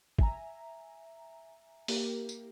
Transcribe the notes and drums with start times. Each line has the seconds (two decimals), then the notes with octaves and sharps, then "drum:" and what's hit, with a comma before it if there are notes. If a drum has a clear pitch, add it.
0.19 E5 G#5 A#5, drum: kick
1.88 A#3 E4 G4 A#4, drum: open hi-hat
2.29 drum: tambourine